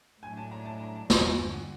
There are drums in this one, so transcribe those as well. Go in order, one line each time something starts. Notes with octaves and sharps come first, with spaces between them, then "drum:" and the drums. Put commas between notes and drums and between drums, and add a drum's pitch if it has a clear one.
A2 F#3 A3 D4 G#5
A5
A#5
A5
A#5
A5
G2 D3 G3 G#5, drum: snare
A5
G#5
F#5